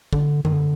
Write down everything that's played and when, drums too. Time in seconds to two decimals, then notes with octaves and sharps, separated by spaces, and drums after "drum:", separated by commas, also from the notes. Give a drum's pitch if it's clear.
0.13 D3, drum: kick
0.45 D#3, drum: tom F#2
0.53 D3